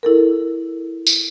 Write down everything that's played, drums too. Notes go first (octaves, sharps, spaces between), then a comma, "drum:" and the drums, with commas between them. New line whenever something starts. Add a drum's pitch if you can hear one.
E4 A4 A#4
drum: tambourine